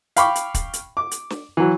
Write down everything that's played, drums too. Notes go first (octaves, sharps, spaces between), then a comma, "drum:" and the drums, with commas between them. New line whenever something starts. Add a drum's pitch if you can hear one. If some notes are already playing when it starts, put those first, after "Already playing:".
F5 G5 B5 C#6 D6, drum: hi-hat
drum: hi-hat
drum: kick, hi-hat
drum: hi-hat
D6
drum: hi-hat
drum: snare
E3 F#3